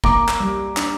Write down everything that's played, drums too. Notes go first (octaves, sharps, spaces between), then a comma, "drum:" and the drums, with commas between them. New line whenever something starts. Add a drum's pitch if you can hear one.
A#3 A#5 D6, drum: kick
drum: clap
G3
D4, drum: clap